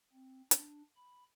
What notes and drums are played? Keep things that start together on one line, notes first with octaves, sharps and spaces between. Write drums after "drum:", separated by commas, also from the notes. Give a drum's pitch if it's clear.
C4
D4, drum: hi-hat
B5